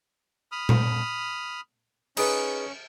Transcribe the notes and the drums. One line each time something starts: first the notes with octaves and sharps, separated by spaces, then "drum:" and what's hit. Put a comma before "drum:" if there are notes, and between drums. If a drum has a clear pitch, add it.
B5 D#6 F6
drum: tom A#2
C#4 D#4 G#4 B4, drum: cymbal